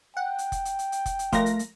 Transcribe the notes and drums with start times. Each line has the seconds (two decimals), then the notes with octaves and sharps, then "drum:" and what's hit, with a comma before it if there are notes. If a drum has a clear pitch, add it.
0.17 F#5 G5
0.38 drum: hi-hat
0.52 drum: kick F1, hi-hat
0.65 drum: hi-hat
0.79 drum: hi-hat
0.92 drum: hi-hat
1.06 drum: kick F1, hi-hat
1.19 drum: hi-hat
1.32 F3 A3 A#4 F5 C6 A#6, drum: kick F1, hi-hat
1.46 drum: hi-hat
1.59 drum: hi-hat